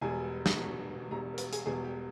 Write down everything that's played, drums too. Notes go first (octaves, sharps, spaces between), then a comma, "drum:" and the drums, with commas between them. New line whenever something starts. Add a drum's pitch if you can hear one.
E1 E2 B2 G3 G#5
drum: snare
E1 E2 B2 G3
E1 E2 B2 G3 A#5
A#4
B4, drum: hi-hat
G#4, drum: hi-hat
E1 E2 B2 G3 G#4
G4